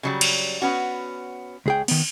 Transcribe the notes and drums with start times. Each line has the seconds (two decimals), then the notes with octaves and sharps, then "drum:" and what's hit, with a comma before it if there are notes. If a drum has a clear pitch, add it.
0.03 C#3 F#3 G3
0.21 drum: cymbal
0.62 B3 C#4 F#4
1.66 C#2 G#4 G5
1.88 D#3 B3, drum: cymbal